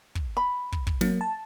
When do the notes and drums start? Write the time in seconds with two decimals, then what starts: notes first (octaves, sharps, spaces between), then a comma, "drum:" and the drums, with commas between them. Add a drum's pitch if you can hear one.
0.15 drum: kick
0.37 B5
0.72 drum: kick
0.87 drum: kick
1.01 F#3 A#3, drum: snare
1.21 A5